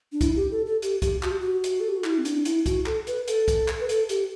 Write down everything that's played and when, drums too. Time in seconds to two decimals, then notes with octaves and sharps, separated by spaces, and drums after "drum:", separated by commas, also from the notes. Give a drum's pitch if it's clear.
0.12 D4
0.21 E4, drum: kick C2, hi-hat
0.36 G4
0.51 A4
0.66 A4
0.82 G4, drum: hi-hat
1.02 G4, drum: kick C2, hi-hat
1.23 F#4, drum: clap
1.31 G4
1.40 F#4
1.64 drum: hi-hat
1.80 A4
1.89 G4
1.97 F#4
2.04 E4, drum: clap
2.18 C4
2.25 D4, drum: hi-hat
2.45 E4, drum: hi-hat
2.66 F#4, drum: kick C2, hi-hat
2.86 A4, drum: clap
3.07 B4, drum: hi-hat
3.28 A4, drum: hi-hat
3.48 drum: kick C2, hi-hat
3.68 drum: clap
3.80 B4
3.89 A4, drum: hi-hat
4.09 G4, drum: hi-hat